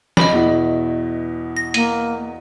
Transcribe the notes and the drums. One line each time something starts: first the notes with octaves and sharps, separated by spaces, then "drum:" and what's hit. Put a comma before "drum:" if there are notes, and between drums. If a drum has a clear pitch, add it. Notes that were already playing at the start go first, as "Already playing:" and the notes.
D#5 B5, drum: snare
E2 B2 E4
A#6
A#3 D#7, drum: hi-hat